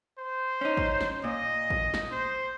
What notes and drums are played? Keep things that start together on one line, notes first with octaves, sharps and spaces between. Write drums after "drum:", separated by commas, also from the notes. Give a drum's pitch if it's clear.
C5
C#4 D#4
drum: kick
drum: snare
A#2 D#5
drum: kick
drum: snare
C5